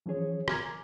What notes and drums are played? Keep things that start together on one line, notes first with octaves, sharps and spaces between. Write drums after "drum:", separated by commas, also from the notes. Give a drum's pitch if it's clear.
E3 F3 C#4 G#4 C#5
G#5 A#5 D6 F6 G#6, drum: rim click